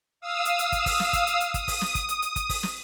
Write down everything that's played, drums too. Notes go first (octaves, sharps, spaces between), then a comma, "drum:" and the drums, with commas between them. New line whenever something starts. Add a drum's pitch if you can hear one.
F5 D#6 E6
drum: hi-hat
drum: hi-hat
drum: kick, hi-hat
drum: kick, open hi-hat
drum: snare
drum: kick, hi-hat
drum: hi-hat
drum: hi-hat
D#6, drum: kick, hi-hat
drum: kick, open hi-hat
drum: snare
drum: kick, hi-hat
drum: hi-hat
drum: hi-hat
drum: kick, hi-hat
drum: kick, open hi-hat
drum: snare